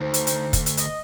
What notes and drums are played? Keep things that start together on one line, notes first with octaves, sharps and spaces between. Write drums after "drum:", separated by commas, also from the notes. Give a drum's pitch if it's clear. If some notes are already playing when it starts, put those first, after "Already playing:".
D2 D#4 C5
drum: hi-hat
drum: hi-hat
drum: kick, hi-hat
drum: hi-hat
D#5, drum: hi-hat